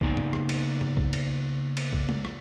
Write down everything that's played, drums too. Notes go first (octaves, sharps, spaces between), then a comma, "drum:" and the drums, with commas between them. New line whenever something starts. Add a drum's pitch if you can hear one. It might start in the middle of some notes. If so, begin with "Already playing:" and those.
C#3 A#3 B3 D#4 D5 G#5, drum: kick
drum: tom
drum: rim click
drum: cymbal
drum: tom
drum: kick
drum: cymbal
drum: cymbal
drum: kick
drum: tom G#3
drum: rim click